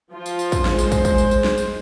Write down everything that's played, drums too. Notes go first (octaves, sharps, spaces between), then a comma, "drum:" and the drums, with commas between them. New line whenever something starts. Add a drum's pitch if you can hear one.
F3 F4
drum: tambourine
drum: tambourine
drum: kick, tambourine
G#3 C5, drum: snare
drum: tambourine
drum: kick, tambourine
drum: kick, tambourine
drum: tambourine
drum: tambourine
drum: snare
drum: tambourine